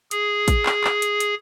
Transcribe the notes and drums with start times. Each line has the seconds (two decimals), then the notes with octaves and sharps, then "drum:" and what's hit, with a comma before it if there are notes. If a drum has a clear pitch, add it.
0.11 G#4, drum: hi-hat
0.48 drum: kick, hi-hat
0.66 drum: clap
0.84 drum: clap
1.02 drum: hi-hat
1.20 drum: hi-hat